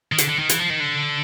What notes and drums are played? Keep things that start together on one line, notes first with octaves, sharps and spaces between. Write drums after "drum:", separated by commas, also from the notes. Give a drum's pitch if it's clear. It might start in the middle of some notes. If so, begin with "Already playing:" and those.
D#3
D3, drum: hi-hat
D3
D#3
E3, drum: hi-hat
F3
D#3
D3